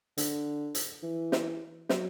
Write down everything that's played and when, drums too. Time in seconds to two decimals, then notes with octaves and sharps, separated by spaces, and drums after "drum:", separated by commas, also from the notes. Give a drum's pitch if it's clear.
0.18 D3, drum: hi-hat
0.75 drum: hi-hat
1.03 E3
1.32 drum: snare
1.89 F#3, drum: snare